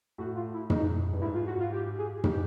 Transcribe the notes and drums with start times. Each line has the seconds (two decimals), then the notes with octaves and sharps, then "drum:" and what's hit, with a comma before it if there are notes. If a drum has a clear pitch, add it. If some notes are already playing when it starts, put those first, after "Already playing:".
0.18 A2 F#4
0.35 F4
0.53 E4
0.70 D#4, drum: tom
1.13 G2
1.21 G#2 E4
1.34 F4
1.47 F#4
1.59 F4
1.72 G4
1.98 G#4
2.24 G4, drum: tom